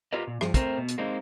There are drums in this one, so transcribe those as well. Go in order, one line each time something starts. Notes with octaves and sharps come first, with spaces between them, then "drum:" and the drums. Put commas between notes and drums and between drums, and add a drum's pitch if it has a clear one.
F4 G4 A#4 B4 D#5
A#2
G2 F3, drum: rim click
A3 C4 A#4 C5, drum: kick, hi-hat
B2
drum: hi-hat
G#3 A#3 C4 D#4